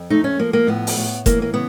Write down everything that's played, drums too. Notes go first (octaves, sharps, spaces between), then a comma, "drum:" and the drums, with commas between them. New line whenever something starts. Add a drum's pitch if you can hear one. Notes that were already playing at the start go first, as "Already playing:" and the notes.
Already playing: F2
A3 D#4
C#4
F3 A#3
A#3
A2 B3
drum: open hi-hat
A2
E3 A#3, drum: kick F1, hi-hat
A#3
C#3 B3